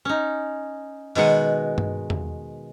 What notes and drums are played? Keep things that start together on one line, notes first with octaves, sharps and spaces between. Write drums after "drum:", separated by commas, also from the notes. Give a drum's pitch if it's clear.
C#4 D#4
B2 D#3 G#3 F#5, drum: open hi-hat
drum: tom G2
drum: tom E2